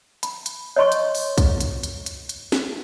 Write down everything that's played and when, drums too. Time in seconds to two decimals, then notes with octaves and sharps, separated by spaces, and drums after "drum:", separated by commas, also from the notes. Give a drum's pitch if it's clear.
0.23 B5, drum: hi-hat
0.46 drum: hi-hat
0.76 C#5 D#5 C6 C#6
0.92 drum: hi-hat
1.15 drum: open hi-hat
1.38 drum: kick, hi-hat
1.61 drum: hi-hat
1.83 drum: hi-hat
2.06 drum: hi-hat
2.29 drum: hi-hat
2.52 drum: snare